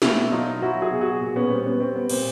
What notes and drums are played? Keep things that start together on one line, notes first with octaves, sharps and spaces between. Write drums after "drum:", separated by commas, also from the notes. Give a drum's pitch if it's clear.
B2 D4 E4, drum: snare
F#3 D#4 F4
F#3 E4 F#4
F#4 G#4
B2
F#4 G#4
A#2
B3 C#4
G3 C4
B3 C#4
G3 C4
B3
A#2 C4, drum: cymbal